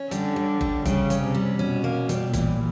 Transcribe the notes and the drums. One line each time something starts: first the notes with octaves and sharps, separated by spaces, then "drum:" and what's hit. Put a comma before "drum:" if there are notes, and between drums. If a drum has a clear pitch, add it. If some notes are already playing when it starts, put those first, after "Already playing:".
Already playing: C#4
D3 G3, drum: hi-hat
G3
G3, drum: kick F#1
C#3 G3, drum: kick F#1, hi-hat
C#4, drum: hi-hat
C3
G3
B2 C#4
A#3
G3, drum: hi-hat
A#2 E3, drum: kick F#1, hi-hat